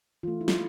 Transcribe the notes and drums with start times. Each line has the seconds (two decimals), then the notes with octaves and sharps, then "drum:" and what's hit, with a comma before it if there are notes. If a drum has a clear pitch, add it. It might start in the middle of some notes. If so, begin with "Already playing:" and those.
0.23 E3 A3 F4
0.41 E4
0.48 F4, drum: snare